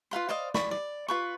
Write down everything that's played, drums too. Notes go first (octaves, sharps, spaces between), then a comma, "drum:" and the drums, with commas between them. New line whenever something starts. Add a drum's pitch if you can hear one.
F4 B4 F5 C6
C5 D5 D#5 F5
D5 B5 C#6, drum: snare
D5
F4 B4 C#6